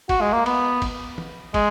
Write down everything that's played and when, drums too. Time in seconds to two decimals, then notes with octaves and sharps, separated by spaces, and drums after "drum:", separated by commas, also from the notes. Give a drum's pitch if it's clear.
0.09 F#4, drum: kick, cymbal
0.21 G#3
0.33 A#3
0.46 B3, drum: cymbal
0.82 drum: kick, cymbal
1.18 drum: tom
1.54 G#3, drum: kick, cymbal